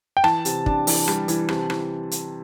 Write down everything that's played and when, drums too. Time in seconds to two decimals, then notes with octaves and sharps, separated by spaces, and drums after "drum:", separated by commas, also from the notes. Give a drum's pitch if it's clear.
0.17 G5
0.24 E3 A5, drum: rim click
0.45 C3, drum: hi-hat
0.66 D4, drum: kick
0.87 E3, drum: open hi-hat
1.08 G3, drum: rim click
1.28 E3, drum: hi-hat
1.49 C3, drum: rim click
1.70 E3, drum: rim click
2.11 drum: hi-hat